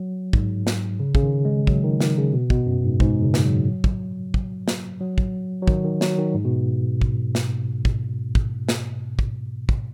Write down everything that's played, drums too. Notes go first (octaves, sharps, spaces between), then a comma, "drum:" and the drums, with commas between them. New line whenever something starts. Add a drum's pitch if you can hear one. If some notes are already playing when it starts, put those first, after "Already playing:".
Already playing: F#3
G#2, drum: kick
drum: snare
C#3
C#3, drum: kick
D#3
G#3
F#3, drum: kick
D#3
D#3, drum: snare
C#3
B2
B2, drum: kick
F#2
G#2
G#2, drum: kick
C#3
drum: snare
F#3
drum: kick
drum: kick
drum: snare
F#3
drum: kick
F#3
D#3, drum: kick
D#3
F#3, drum: snare
D#3
G#2
B2
drum: kick
drum: snare
drum: kick
drum: kick
drum: snare
drum: kick
drum: kick